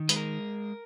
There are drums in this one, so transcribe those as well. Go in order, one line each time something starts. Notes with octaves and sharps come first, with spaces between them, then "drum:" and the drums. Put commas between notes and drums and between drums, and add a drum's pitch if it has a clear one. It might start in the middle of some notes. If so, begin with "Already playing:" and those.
Already playing: D#3
G#3 B4, drum: hi-hat
A#4